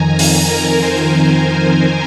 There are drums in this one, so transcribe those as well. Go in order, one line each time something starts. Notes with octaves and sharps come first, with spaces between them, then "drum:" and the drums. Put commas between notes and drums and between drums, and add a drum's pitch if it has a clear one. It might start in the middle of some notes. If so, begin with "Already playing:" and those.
Already playing: F2 D#3 G#5 A#5
G#5, drum: open hi-hat
A#4
C5